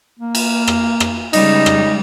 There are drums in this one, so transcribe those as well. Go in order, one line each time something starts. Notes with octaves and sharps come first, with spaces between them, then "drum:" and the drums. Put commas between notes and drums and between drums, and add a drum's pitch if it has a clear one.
A#3
drum: cymbal
drum: rim click
drum: rim click
C#3 G3 G#3 D#4, drum: cymbal
drum: rim click